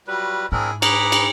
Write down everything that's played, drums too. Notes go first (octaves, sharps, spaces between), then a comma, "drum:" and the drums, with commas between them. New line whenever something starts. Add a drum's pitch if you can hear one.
F#3 G3 F4 B4
G#2 C4 D4 E4 G#4 A#4
G#4 B4 A#5 D6, drum: cymbal
drum: cymbal